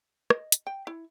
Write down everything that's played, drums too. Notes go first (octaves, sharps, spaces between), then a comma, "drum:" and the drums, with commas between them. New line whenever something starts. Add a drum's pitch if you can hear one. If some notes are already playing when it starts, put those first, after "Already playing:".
D#5, drum: rim click
drum: hi-hat
G5
E4